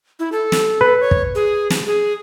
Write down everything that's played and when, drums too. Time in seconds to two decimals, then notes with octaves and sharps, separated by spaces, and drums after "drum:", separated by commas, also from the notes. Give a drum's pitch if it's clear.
0.19 E4
0.32 A4
0.52 drum: snare
0.81 B4
1.00 C#5
1.11 drum: kick
1.35 G#4
1.70 drum: snare
1.87 G#4